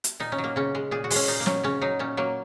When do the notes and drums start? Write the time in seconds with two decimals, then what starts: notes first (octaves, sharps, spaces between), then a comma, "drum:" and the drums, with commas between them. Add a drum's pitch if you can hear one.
0.04 drum: hi-hat
0.20 A#2 D#4
0.32 C#4
0.38 F#3
0.44 A#3
0.56 C#3 C#4
0.75 G#3
0.91 A#2 G#4
1.04 F#4
1.10 G#3, drum: open hi-hat
1.15 C#4
1.27 A#2 D#4
1.40 A#3
1.46 F#3 C#4, drum: snare
1.63 C#3 C#4
1.82 F#3 D#4
1.99 A#2 C#4
2.17 F#3 A#3